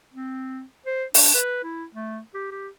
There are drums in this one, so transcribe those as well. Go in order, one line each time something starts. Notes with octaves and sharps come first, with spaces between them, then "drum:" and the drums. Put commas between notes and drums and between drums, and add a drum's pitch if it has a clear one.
C4
C5
D4, drum: open hi-hat
B4
E4
A3
G4
G4